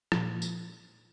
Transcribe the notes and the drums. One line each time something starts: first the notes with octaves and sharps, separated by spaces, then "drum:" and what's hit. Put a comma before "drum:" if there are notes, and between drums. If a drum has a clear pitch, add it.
A#2 F3, drum: rim click
drum: tambourine